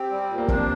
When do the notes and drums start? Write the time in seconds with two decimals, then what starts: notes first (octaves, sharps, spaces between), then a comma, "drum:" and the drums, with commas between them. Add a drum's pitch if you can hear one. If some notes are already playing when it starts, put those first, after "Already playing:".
Already playing: C4 G4
0.11 G3
0.29 A#2
0.38 A#3
0.48 C4 D4, drum: kick